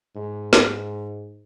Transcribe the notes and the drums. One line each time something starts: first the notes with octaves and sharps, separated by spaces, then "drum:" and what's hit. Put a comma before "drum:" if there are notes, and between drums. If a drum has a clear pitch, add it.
G#2
drum: snare